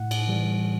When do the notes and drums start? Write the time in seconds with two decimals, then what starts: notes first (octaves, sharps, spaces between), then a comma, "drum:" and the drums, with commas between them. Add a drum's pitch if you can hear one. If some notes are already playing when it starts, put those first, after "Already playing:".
Already playing: A2 F#5
0.11 drum: cymbal
0.28 E3 G3